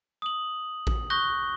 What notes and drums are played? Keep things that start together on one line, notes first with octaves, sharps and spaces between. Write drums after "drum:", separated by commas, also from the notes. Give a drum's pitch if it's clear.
D#6 F#7
drum: kick A1
C#6 D#6 F#6 G6 A#6 G7